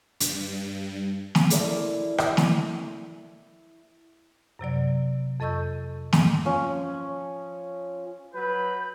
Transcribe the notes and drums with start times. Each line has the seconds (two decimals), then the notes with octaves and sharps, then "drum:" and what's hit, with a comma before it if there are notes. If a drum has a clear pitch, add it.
0.20 G2, drum: hi-hat
1.35 drum: snare
1.50 E4 A4 A#4 D5 E5, drum: hi-hat
2.18 drum: rim click
2.37 drum: snare
4.59 F#2 C3 F#3 D5
5.40 F2 A4 D#5 C#6 E6 G6
6.13 G#2 D#3, drum: snare
6.45 F3 C#4
8.34 F#3 B4 B5 G6